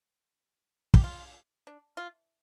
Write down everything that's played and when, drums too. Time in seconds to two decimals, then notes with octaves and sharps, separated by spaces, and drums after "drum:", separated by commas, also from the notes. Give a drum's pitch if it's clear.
0.94 G4, drum: kick
1.04 F4
1.67 D4
1.97 F4